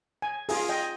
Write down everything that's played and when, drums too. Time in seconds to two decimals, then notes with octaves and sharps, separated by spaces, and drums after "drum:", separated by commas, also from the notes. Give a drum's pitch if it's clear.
0.22 G#5
0.49 F4 G#4, drum: open hi-hat
0.69 D#5 G5